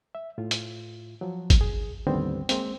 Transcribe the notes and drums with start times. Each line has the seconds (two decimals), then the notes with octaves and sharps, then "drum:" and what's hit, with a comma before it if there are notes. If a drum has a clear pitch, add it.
0.15 E5
0.38 A2 F4
0.51 drum: hi-hat
1.21 F3 F#3
1.50 drum: kick, hi-hat
1.61 G#4
2.07 D#2 A2 D3 G3 B3 C4
2.49 G#3 A#3 C4, drum: hi-hat